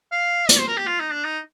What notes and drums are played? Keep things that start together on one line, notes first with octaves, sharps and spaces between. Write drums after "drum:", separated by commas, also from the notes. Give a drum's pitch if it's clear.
F5
D5, drum: hi-hat
C5
A#4
G4
F4
D#4
D4
D#4